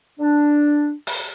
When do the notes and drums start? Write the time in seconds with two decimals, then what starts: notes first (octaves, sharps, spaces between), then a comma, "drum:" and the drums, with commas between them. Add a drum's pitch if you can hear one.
0.19 D4
1.07 drum: open hi-hat